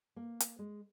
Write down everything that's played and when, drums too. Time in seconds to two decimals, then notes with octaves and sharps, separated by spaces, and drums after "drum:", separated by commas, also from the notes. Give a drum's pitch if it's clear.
0.16 A#3
0.40 drum: hi-hat
0.59 G#3